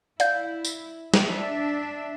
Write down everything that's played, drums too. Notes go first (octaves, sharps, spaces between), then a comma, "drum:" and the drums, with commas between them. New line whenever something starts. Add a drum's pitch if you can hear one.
E4 D5 F5 G6, drum: hi-hat
drum: tambourine
D4 E5, drum: snare